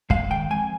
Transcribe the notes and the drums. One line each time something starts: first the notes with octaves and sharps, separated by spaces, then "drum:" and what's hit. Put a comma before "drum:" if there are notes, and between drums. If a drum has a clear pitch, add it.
G#3 F5, drum: kick
D#3 G5
F2 G#5